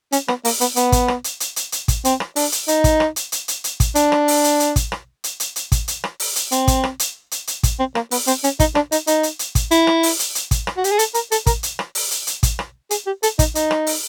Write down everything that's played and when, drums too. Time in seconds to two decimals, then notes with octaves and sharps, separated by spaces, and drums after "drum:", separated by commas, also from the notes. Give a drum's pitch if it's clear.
0.12 C#4, drum: hi-hat
0.28 B3, drum: rim click
0.45 A#3, drum: open hi-hat
0.61 B3, drum: hi-hat
0.76 B3, drum: hi-hat
0.92 drum: kick, hi-hat
1.08 drum: rim click
1.24 drum: hi-hat
1.40 drum: hi-hat
1.56 drum: hi-hat
1.72 drum: hi-hat
1.88 drum: kick, hi-hat
2.05 C4, drum: hi-hat
2.20 drum: rim click
2.36 D4, drum: open hi-hat
2.52 drum: hi-hat
2.68 D#4, drum: hi-hat
2.84 drum: kick, hi-hat
3.00 drum: rim click
3.16 drum: hi-hat
3.32 drum: hi-hat
3.48 drum: hi-hat
3.64 drum: hi-hat
3.80 drum: kick, hi-hat
3.95 D4, drum: hi-hat
4.12 drum: rim click
4.28 drum: open hi-hat
4.44 drum: hi-hat
4.60 drum: hi-hat
4.76 drum: kick, hi-hat
4.92 drum: rim click
5.24 drum: hi-hat
5.40 drum: hi-hat
5.56 drum: hi-hat
5.72 drum: kick, hi-hat
5.88 drum: hi-hat
6.04 drum: rim click
6.20 drum: open hi-hat
6.36 drum: hi-hat
6.52 C4, drum: hi-hat
6.68 drum: kick, hi-hat
6.84 drum: rim click
6.99 drum: hi-hat
7.31 drum: hi-hat
7.47 drum: hi-hat
7.63 drum: kick, hi-hat
7.79 C4
7.95 A#3, drum: rim click
8.11 B3, drum: open hi-hat
8.27 C4, drum: hi-hat
8.44 C#4, drum: hi-hat
8.60 D#4, drum: kick, hi-hat
8.75 D4, drum: rim click
8.92 D#4, drum: hi-hat
9.07 D#4, drum: hi-hat
9.23 drum: hi-hat
9.39 drum: hi-hat
9.55 drum: kick, hi-hat
9.71 E4, drum: hi-hat
9.87 drum: rim click
10.03 drum: open hi-hat
10.19 drum: hi-hat
10.35 drum: hi-hat
10.51 drum: kick, hi-hat
10.67 drum: rim click
10.77 F#4
10.84 G4, drum: hi-hat
10.92 G#4
10.99 A4, drum: hi-hat
11.14 A#4, drum: hi-hat
11.32 A4, drum: hi-hat
11.46 A#4, drum: kick, hi-hat
11.63 drum: hi-hat
11.79 drum: rim click
11.95 drum: open hi-hat
12.11 drum: hi-hat
12.27 drum: hi-hat
12.43 drum: kick, hi-hat
12.59 drum: rim click
12.91 G#4, drum: hi-hat
13.06 G4
13.23 A4, drum: hi-hat
13.39 D#4, drum: kick, hi-hat
13.55 D#4, drum: hi-hat
13.71 drum: rim click
13.87 drum: open hi-hat